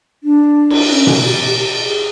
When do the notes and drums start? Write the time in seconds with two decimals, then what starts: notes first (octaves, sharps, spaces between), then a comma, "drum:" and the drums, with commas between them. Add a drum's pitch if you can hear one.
0.24 D4
0.70 drum: cymbal
0.90 C#4
1.07 F#4, drum: tom B2
1.24 G4
1.57 G4
1.75 G#4